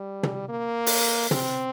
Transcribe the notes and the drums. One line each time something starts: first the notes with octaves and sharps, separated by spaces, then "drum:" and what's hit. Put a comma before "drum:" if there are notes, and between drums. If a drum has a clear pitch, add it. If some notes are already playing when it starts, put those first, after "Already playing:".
Already playing: G3
drum: tom
A#3
drum: open hi-hat
C4, drum: tom